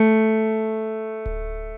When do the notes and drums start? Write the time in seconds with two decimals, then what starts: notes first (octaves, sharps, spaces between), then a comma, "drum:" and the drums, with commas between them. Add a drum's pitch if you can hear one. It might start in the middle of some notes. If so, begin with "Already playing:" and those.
Already playing: A3
1.26 drum: kick D1